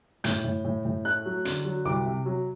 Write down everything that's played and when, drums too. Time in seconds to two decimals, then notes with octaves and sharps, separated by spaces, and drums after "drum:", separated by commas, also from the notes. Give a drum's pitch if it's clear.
0.24 A2 G6, drum: hi-hat
0.44 A2
0.65 A2
0.85 A2
1.05 A3 F#6
1.26 F#3
1.45 D3, drum: hi-hat
1.65 F#3
1.85 C2 D6
2.06 C3
2.26 F#3